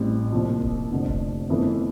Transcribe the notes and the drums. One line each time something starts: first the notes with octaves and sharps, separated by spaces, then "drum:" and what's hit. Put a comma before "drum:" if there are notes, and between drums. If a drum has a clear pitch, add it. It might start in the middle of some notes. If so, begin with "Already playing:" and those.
Already playing: A1 A2 G3 C4
C2 A#2 F3
drum: kick D#1
F1 F2 D3
drum: kick D#1
G1 F2 E3 A3